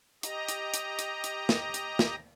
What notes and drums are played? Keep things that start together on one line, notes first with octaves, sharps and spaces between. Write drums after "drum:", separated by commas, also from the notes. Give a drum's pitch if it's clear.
G4 D#5 A#5, drum: hi-hat
drum: hi-hat
drum: hi-hat
drum: hi-hat
drum: hi-hat
drum: snare
drum: hi-hat
drum: snare